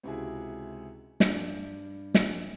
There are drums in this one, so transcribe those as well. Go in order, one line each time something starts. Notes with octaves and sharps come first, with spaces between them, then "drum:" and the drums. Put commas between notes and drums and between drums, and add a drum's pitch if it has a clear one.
C#2 C3 E4 F#4 G#4
G2 D5 G6, drum: snare
drum: snare